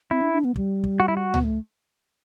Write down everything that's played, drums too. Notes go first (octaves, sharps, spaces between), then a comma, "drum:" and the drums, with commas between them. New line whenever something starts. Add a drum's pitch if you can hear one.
C4 E4
D4
D4
B3
G3, drum: kick
drum: kick
F#4
E4
F#4
B3, drum: tom C#2
A3